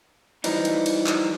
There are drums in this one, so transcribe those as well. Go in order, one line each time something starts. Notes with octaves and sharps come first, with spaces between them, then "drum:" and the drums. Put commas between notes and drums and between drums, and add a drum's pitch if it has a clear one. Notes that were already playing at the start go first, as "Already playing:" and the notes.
E3 F3 G3 D#4, drum: cymbal
drum: cymbal
drum: cymbal
drum: clap